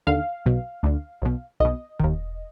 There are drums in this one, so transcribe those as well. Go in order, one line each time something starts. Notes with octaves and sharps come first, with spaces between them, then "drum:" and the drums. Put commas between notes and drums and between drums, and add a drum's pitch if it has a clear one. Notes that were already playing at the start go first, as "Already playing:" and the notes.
D#2 D3 F5
B1 B2
D2 D3
B1 B2
B1 B2 D#5
D#2 D#3, drum: kick E1